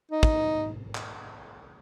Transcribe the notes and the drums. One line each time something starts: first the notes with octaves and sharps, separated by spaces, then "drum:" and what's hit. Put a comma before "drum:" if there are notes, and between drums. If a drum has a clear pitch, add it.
D#4
drum: kick
drum: clap